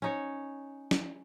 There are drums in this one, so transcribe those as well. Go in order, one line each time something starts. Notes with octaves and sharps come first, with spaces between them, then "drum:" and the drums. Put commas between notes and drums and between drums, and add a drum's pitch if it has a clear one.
C#4 D#4 C#5
drum: snare